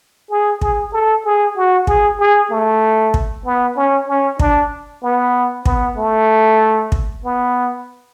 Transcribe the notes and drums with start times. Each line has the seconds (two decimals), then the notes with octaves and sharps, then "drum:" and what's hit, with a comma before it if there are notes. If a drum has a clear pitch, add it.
0.31 G#4
0.61 G#4, drum: kick
0.93 A4
1.25 G#4
1.56 F#4
1.87 G#4, drum: kick
2.20 G#4
2.51 A3
3.14 drum: kick
3.45 B3
3.77 C#4
4.08 C#4
4.40 D4, drum: kick
5.03 B3
5.66 B3, drum: kick
5.97 A3
6.92 drum: kick
7.24 B3